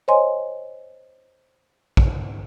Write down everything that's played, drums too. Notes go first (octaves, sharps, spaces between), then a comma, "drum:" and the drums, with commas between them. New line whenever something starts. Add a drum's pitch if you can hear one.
C5 C#5 D#5 G#5 C6
drum: kick A#1